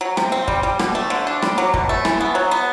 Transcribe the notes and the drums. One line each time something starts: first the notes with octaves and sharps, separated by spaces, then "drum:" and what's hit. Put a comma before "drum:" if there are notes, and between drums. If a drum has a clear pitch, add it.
F#3
C3, drum: rim click
C4
G3, drum: kick
G3
B2, drum: rim click
A3
D3
D4
G3, drum: rim click
F#3
B2, drum: kick
A3
E3, drum: rim click
B3
F#3
B3